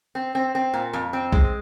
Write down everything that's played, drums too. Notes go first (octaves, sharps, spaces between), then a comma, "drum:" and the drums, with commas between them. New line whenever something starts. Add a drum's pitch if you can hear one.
C4
C4
C4
A#2
F2
C4
G#3, drum: kick B1